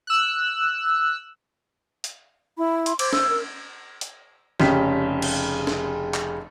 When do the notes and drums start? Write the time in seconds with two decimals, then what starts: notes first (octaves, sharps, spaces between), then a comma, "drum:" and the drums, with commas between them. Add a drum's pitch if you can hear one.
0.07 E6 F#6
2.04 drum: hi-hat
2.58 E4 B5
2.86 C6, drum: hi-hat
2.99 C5 D6, drum: cymbal
3.13 E6, drum: snare
3.29 A#4
4.01 drum: hi-hat
4.60 F1 C#3 C#4 G4 B6, drum: snare
5.22 drum: cymbal
5.67 drum: snare
6.14 drum: clap